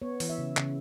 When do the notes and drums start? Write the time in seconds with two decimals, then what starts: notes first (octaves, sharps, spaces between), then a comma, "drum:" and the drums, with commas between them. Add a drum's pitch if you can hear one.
0.02 B3 C#5
0.20 E3, drum: open hi-hat
0.29 E5
0.38 C#3
0.57 C#3, drum: clap